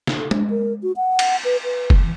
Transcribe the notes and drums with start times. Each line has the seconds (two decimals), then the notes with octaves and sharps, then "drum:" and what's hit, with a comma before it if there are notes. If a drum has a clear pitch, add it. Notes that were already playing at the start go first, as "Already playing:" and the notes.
0.07 drum: snare
0.17 A4
0.31 D4, drum: tom G#3
0.50 A#4
0.83 F#4
0.97 F#5
1.19 drum: cymbal
1.44 B4
1.64 B4
1.90 drum: kick
2.03 E3